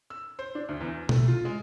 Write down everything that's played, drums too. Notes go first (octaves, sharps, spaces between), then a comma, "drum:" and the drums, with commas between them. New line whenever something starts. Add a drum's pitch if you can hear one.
E6
C5
D4
D2
E2
A3, drum: tom B2
F4
G#3